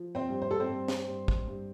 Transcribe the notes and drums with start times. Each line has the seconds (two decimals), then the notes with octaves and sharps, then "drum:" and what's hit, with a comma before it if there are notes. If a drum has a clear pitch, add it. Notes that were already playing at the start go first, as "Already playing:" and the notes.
Already playing: F3
0.15 C4 C5
0.29 G2
0.42 C5
0.51 A4
0.60 C4 C5
0.69 G2
0.88 drum: snare
1.09 G2
1.28 drum: kick
1.48 G2